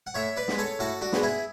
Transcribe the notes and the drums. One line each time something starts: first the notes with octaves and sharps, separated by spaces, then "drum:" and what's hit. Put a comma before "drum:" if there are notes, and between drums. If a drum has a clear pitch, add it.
F#5
A2 C#5 E5
B4 D5
G#3 B3, drum: snare
A4 C#5
A2 F#4 A4
D4 F#4
G#3 B3, drum: snare
E4 G#4